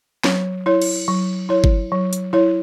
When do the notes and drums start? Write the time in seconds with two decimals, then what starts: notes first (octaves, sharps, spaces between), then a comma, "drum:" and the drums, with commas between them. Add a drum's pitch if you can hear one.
0.24 F#3, drum: snare
0.66 E4 C#5
0.82 drum: cymbal
1.08 F#3
1.49 E4 C#5
1.64 drum: kick G1
1.92 F#3
2.13 drum: hi-hat
2.33 E4 C#5